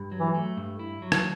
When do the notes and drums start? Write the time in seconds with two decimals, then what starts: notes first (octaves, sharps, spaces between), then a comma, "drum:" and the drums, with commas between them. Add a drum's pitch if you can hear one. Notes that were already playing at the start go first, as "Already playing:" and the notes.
Already playing: G2
0.12 F#3
0.20 E3
0.34 A3
0.57 G2
0.79 E4
1.02 F#3
1.12 drum: rim click